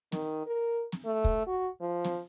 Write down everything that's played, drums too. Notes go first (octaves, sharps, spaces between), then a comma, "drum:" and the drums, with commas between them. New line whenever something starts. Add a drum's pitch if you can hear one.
D#3, drum: snare
A#4
drum: snare
A3
drum: kick
F#4
F3
drum: snare